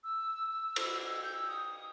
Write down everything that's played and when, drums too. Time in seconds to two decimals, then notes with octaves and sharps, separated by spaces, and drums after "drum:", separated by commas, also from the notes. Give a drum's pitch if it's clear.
0.04 E6
0.76 drum: cymbal
1.23 G6
1.35 E6
1.48 D#6